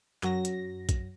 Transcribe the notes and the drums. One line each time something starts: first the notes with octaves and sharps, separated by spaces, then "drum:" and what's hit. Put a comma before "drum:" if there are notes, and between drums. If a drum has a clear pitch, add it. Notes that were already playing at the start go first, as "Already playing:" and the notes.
F#2 F#3 A#6, drum: clap
drum: hi-hat
drum: kick A#1, hi-hat